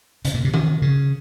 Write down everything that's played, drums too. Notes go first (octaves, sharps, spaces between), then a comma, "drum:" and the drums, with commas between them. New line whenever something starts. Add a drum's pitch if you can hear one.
C#3, drum: hi-hat
A#2
C3
D#3, drum: tom E3
C#3